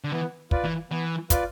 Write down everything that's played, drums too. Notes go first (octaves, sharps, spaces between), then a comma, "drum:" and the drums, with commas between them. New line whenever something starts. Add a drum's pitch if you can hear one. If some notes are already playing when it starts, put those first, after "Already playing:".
D3
E3 B3
F4 B4 D5, drum: kick
E3
E3 B3
F4 B4 D5, drum: kick, hi-hat